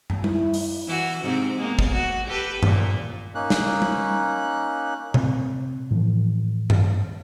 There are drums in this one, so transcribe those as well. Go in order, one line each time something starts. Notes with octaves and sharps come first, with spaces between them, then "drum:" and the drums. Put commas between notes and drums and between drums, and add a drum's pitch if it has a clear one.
drum: tom
E4, drum: tom G3
drum: open hi-hat
E3 F#4
G#2 C3 C4
G#3 A#3 B3
drum: kick
F#4
G4 A4 B4
A#2 A#3, drum: tom G2
A#3 C#4 D#4 F#6
drum: snare
drum: tom G3
C3 C4, drum: tom A#2
A2 E3 F3
drum: tom G2